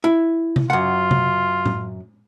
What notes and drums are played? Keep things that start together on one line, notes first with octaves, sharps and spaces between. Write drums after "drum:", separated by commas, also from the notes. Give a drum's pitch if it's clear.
E4
drum: tom C3
F#2 F4 F#5
drum: tom C3
drum: tom A2